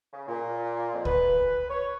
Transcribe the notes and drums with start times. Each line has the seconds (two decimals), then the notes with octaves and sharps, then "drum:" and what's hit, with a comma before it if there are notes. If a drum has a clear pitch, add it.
0.12 C#3
0.28 A#2
0.93 F2
1.05 B4, drum: kick
1.69 C#5